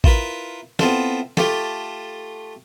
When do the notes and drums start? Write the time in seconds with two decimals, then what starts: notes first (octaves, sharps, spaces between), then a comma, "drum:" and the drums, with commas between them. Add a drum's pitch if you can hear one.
0.04 E4 F4 A#4 B4, drum: kick A1
0.79 B3 C4 E4 F4 A4, drum: snare
1.37 A3 F4 G4 A4, drum: snare